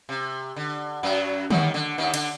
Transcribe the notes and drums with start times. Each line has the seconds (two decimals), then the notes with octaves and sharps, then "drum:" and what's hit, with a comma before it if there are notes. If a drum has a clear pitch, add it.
0.09 C3
0.56 D3
1.03 F#2 F#3
1.50 D#2 D#3, drum: tom
1.74 D3
1.98 D#2 D#3
2.14 D3, drum: cymbal